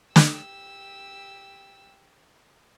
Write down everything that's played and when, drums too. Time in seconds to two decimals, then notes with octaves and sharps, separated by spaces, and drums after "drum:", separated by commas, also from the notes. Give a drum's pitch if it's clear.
0.16 G4 E6, drum: snare